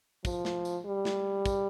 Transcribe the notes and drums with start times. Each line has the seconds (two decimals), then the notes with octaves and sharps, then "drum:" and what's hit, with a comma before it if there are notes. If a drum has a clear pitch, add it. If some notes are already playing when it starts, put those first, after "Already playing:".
0.25 F3, drum: kick, tambourine
0.45 drum: snare
0.65 drum: tambourine
0.86 G3
1.05 drum: snare
1.46 drum: kick, tambourine